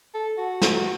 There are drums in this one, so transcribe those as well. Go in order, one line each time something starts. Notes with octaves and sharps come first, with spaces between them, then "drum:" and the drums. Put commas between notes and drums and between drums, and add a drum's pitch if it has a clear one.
A4
F#4
drum: snare